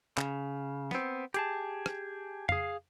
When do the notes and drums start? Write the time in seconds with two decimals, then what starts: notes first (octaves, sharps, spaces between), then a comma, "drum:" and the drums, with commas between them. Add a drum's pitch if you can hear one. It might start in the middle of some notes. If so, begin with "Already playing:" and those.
0.18 C#3, drum: clap
0.91 B3 C4, drum: snare
1.34 G4 G#4 A5, drum: hi-hat
1.86 drum: rim click
2.49 G#4 F5, drum: tom F2